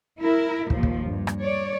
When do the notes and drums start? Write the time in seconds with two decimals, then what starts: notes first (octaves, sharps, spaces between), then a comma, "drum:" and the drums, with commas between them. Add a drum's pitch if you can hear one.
0.18 E4 A#4
0.70 D#2 A#2 F3, drum: kick
0.83 drum: kick
1.05 G2
1.27 drum: rim click
1.42 C#5 D5